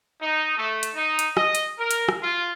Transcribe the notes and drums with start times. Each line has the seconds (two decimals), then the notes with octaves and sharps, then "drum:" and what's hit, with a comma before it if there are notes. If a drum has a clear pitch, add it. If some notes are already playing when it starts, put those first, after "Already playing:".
0.21 D#4
0.58 A3
0.83 drum: hi-hat
0.95 D#4
1.19 drum: hi-hat
1.37 D#5, drum: rim click
1.55 drum: hi-hat
1.79 A#4
1.91 drum: hi-hat
2.09 drum: rim click
2.22 F4